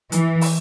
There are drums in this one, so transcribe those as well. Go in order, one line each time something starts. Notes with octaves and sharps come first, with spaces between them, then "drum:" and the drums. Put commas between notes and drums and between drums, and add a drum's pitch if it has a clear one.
E3, drum: hi-hat
drum: open hi-hat